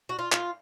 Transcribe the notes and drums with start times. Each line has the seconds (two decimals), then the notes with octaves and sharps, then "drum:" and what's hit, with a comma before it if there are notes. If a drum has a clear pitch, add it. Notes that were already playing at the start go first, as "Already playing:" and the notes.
0.09 F#4
0.19 F4
0.32 F4, drum: clap